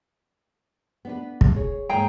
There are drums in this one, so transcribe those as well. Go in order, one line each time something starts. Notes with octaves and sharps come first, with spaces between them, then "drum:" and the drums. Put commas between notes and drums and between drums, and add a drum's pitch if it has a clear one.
B3 D4 B4
drum: kick
G#4 C#5
D#2 G#2 G#4 G5 A#5